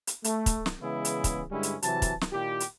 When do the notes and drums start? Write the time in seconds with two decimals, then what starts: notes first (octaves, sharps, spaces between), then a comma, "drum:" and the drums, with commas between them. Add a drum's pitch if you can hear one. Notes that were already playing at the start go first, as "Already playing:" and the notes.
0.07 drum: hi-hat
0.24 A3, drum: hi-hat
0.46 drum: kick, hi-hat
0.66 drum: snare
0.82 C#3 E3 G#3 B3 E4 G#4
1.05 drum: hi-hat
1.24 drum: kick, hi-hat
1.51 G2 D3 G3 G#3 C#4 E4
1.63 drum: hi-hat
1.82 C3 E3 F#3 A5, drum: hi-hat
2.02 drum: kick, hi-hat
2.21 drum: snare
2.32 A#2 D#3 E4 G4
2.60 drum: hi-hat